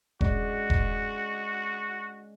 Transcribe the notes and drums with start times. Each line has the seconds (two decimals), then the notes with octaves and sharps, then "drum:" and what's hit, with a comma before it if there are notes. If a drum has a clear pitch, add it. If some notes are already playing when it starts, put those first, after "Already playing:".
0.21 G#3 C#4 F#4 D5, drum: kick E1
0.70 drum: kick E1